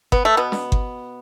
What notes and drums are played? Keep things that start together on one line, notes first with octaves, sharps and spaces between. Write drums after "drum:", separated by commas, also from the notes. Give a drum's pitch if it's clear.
B3, drum: kick G1
A3
B2 B3
drum: snare
drum: kick G1